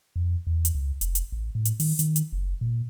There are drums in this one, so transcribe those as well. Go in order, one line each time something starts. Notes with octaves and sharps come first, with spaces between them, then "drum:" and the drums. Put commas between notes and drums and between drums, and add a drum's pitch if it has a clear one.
F2
E2
drum: hi-hat
C#2
F1, drum: hi-hat
drum: hi-hat
A1
A2
drum: hi-hat
D#3, drum: open hi-hat
D#3, drum: hi-hat
drum: hi-hat
F#1
A#2